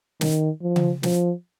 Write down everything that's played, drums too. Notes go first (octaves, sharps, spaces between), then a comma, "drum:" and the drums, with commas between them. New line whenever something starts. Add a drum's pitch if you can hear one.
D#3, drum: snare
F3
drum: tom C#3
F3, drum: snare